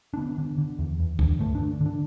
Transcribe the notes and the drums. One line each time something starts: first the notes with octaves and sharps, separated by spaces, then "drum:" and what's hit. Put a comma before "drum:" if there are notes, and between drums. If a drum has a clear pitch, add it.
D4
D3 B3
D3
D3
E2
E2
D3, drum: kick C2
G2 A3
D3 D4
D3 D4